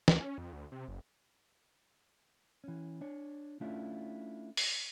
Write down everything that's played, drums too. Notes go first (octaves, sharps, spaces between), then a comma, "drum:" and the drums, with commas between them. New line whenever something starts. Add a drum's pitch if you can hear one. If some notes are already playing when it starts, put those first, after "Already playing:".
D2, drum: snare
C#4
F2
D2
C3
F#1
E3 C#4
D4 C#5
A3 C#4 D4 E4 F4
drum: open hi-hat